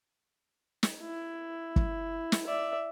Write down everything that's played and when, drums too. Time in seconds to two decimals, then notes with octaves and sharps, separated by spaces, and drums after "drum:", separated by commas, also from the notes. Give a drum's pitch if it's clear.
0.83 drum: snare
1.01 E4
1.76 drum: kick
2.32 drum: snare
2.47 D5 E5